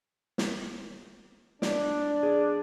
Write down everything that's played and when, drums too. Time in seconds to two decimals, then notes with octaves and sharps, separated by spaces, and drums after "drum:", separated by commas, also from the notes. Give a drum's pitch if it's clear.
0.38 drum: snare
1.62 D4 D5, drum: snare
2.23 G#4 D5